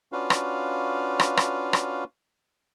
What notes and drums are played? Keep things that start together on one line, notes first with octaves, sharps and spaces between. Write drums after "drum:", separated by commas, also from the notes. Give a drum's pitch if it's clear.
C#4 D4 F4 F#4 B4 F5
drum: rim click
drum: rim click
drum: rim click
drum: rim click